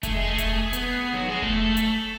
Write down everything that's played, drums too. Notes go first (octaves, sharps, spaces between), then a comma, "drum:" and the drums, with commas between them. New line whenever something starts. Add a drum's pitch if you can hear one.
A3 G#4, drum: kick F1, hi-hat
G#3
A3
drum: kick F1, hi-hat
B3, drum: hi-hat
F#3 F#4
G#3 G#4
A3 A4, drum: kick F1
drum: hi-hat